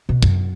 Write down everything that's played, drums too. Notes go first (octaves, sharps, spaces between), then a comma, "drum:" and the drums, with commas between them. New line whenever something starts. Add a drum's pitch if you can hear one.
B2
F#2, drum: kick